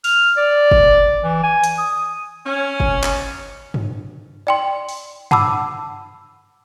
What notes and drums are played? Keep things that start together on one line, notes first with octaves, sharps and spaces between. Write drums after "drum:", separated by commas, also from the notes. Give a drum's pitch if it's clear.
F6, drum: open hi-hat
D5
drum: kick
E3
G#5
drum: hi-hat
D#6
C#4
drum: kick
drum: clap
drum: tom G2
D5 G5 C6
drum: open hi-hat
F#5 A5 B5 D6 E6, drum: tom G2